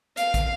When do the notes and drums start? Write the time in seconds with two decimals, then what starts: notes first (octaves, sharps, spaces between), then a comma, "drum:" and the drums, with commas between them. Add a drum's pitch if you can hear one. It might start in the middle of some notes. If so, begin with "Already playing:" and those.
0.17 F5, drum: hi-hat
0.34 drum: kick, hi-hat